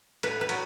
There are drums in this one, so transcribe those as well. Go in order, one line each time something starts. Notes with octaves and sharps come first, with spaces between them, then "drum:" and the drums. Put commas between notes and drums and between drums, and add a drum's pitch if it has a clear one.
A2 B4, drum: cymbal
B4
F#3, drum: cymbal